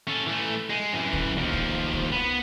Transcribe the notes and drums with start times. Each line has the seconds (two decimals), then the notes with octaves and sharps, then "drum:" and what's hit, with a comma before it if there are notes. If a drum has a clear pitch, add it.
0.08 C#4 A4
0.27 E3 A3
0.70 G#3
0.93 F#2 E3
1.13 drum: kick
1.37 D#2 F3
1.53 drum: kick
1.93 drum: kick
2.12 B3